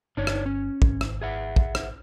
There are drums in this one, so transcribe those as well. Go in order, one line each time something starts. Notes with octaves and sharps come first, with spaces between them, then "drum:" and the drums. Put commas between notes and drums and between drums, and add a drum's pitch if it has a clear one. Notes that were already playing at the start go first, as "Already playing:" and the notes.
G1 D4 D#4 C#5
drum: rim click
C#4
G#1, drum: kick
drum: rim click
G#4 E5 F#5
drum: kick
drum: rim click